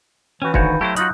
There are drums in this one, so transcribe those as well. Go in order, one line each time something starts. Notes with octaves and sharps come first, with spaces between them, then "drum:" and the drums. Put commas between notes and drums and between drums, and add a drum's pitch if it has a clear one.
E3 C#4 F#4 G5
D2 D#3 F#4 C#5 F5 B5 G6, drum: kick
F#3 A3 E4 G4 C5
D#4 F4 F#4 B5 D#6 F#6 G6, drum: hi-hat